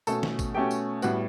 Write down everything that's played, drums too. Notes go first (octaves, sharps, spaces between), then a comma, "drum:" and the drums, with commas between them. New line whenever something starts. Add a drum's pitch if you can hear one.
B2 A3 C#4 A4 A5, drum: tambourine
drum: snare
drum: kick G#1, tambourine
B2 A3 C#4 G4 G5
drum: tambourine
A2 G3 B3 F#4 F#5, drum: tambourine